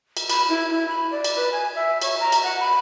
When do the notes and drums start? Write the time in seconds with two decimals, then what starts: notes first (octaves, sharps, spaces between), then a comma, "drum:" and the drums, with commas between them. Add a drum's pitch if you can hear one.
0.17 drum: cymbal
0.30 B5, drum: cymbal
0.49 E4
0.70 E4
0.88 B5
1.11 D5
1.24 drum: cymbal
1.36 B4
1.52 G#5
1.75 E5
2.02 C#5, drum: cymbal
2.19 A#5
2.32 drum: cymbal
2.43 F#5
2.60 B5